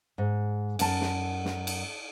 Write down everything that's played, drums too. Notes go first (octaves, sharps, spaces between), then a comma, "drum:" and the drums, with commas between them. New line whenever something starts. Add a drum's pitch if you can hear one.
G#2
F#2 A5, drum: cymbal
drum: snare
drum: snare
drum: cymbal